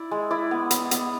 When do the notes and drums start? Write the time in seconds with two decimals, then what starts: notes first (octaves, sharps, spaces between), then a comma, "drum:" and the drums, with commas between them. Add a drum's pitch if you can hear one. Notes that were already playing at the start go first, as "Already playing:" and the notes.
Already playing: E4 D5
0.11 G#3
0.31 E4 D5
0.51 B3
0.71 B3, drum: hi-hat
0.91 B3, drum: hi-hat